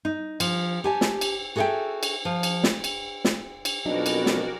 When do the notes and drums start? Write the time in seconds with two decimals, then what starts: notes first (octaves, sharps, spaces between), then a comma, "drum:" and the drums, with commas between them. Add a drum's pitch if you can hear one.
0.05 D#4
0.40 F3, drum: cymbal
0.84 G4 G#5 A5
1.01 drum: snare
1.21 drum: cymbal
1.56 F#4 G#4 A4 D#5 E5 G5
2.03 drum: cymbal
2.25 F3
2.43 drum: cymbal
2.64 drum: snare
2.84 drum: cymbal
3.25 drum: snare
3.65 drum: cymbal
3.86 F2 B2 F#3 D4 D#4 F#4 A#4 D5
4.06 drum: cymbal
4.26 drum: snare